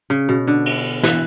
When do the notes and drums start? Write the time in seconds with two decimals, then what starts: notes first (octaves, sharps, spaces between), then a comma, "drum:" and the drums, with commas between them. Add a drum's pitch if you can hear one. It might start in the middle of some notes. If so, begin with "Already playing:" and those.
0.10 C#3
0.29 B2
0.47 D3
0.66 drum: cymbal
1.03 E3, drum: snare